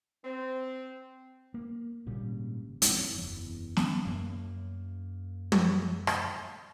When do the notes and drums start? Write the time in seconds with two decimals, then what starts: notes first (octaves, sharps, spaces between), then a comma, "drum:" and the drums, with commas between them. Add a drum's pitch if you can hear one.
0.24 C4
1.54 A#3
2.06 G#1 A#2 C#3 G3
2.82 F2, drum: hi-hat
3.15 F#1 E2
3.77 drum: snare
4.05 F#2 A#3
5.52 drum: tom
6.07 drum: rim click